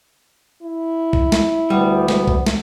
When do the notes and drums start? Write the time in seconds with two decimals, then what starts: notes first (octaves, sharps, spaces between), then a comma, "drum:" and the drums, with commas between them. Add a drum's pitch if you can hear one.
0.62 E4
1.13 drum: kick
1.32 drum: snare
1.70 D2 G3 B3
2.08 drum: snare
2.27 drum: kick
2.46 drum: snare